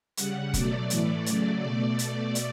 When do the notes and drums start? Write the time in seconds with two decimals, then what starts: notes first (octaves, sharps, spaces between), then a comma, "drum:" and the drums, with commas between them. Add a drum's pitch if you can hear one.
0.17 C#3 G3 F#5, drum: hi-hat
0.54 B2 F#3 A3 D5, drum: kick F1, hi-hat
0.90 A2 E3 A3, drum: hi-hat
1.26 C#3 F#3 A3, drum: hi-hat
1.62 B2 A3 D5
1.99 drum: hi-hat
2.35 drum: hi-hat